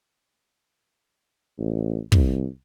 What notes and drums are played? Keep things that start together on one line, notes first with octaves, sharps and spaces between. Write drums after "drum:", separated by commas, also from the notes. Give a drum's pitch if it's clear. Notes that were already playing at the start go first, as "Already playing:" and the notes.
A1
C2, drum: kick